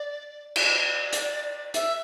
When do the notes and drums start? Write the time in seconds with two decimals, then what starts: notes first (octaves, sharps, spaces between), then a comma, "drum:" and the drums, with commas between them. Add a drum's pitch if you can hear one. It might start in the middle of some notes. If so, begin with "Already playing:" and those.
Already playing: D5
0.56 D5, drum: cymbal
1.13 drum: hi-hat
1.74 E5, drum: hi-hat